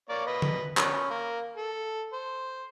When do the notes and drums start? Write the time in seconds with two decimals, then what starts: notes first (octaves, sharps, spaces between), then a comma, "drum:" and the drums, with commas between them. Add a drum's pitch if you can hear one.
0.09 A#3 C#5 D5
0.27 B4 D#5
0.42 drum: tom D3
0.77 C#4, drum: clap
1.10 A#3
1.57 A4
2.13 C5